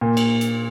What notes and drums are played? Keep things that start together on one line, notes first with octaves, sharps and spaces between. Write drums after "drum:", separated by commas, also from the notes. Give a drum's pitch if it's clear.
A#2
drum: cymbal
drum: hi-hat